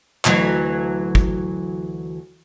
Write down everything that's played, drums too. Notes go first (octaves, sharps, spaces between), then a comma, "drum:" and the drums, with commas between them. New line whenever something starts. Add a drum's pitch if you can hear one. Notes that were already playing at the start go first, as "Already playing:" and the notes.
D2 E3 F#3, drum: clap
drum: kick